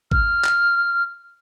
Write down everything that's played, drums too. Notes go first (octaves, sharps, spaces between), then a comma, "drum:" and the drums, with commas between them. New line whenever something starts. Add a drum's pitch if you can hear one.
F6, drum: kick G#1
drum: clap